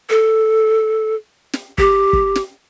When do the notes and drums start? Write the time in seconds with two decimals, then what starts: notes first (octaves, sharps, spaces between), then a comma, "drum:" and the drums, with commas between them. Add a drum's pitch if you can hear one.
0.10 A4
1.53 drum: snare
1.78 G4, drum: kick
2.13 drum: kick
2.36 drum: snare